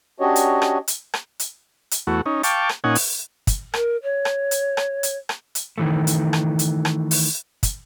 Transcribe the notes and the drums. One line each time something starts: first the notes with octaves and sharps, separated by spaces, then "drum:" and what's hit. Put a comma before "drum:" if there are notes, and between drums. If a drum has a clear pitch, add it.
C#4 D4 F#4 G4 C#5 D#5
drum: hi-hat
drum: rim click
drum: hi-hat
drum: rim click
drum: hi-hat
drum: hi-hat
E2 A3 F#4
C#4 D#4
F5 G5 A5 C#6 D6, drum: hi-hat
drum: rim click
A#2 C#4 D#4 F#5 G#5
drum: open hi-hat
drum: kick, hi-hat
A#4, drum: rim click
C#5
drum: rim click
drum: hi-hat
drum: rim click
drum: hi-hat
drum: rim click
drum: hi-hat
D#3 E3 A3
drum: hi-hat
drum: rim click
drum: hi-hat
drum: rim click
drum: open hi-hat
drum: kick, hi-hat